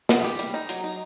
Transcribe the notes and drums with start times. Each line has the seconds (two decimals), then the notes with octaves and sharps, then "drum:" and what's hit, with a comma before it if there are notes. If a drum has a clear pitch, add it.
0.09 B3, drum: snare
0.24 G4
0.39 G3, drum: hi-hat
0.54 D#4
0.69 F#3, drum: hi-hat
0.84 D#4